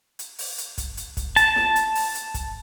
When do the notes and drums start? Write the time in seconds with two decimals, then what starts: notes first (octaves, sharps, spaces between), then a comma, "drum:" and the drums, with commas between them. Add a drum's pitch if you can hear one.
0.19 drum: hi-hat
0.39 drum: open hi-hat
0.58 drum: hi-hat
0.78 drum: kick, hi-hat
0.97 drum: hi-hat
1.17 drum: kick, hi-hat
1.36 A5, drum: hi-hat
1.56 drum: snare
1.76 drum: hi-hat
1.95 drum: open hi-hat
2.15 drum: hi-hat
2.34 drum: kick, hi-hat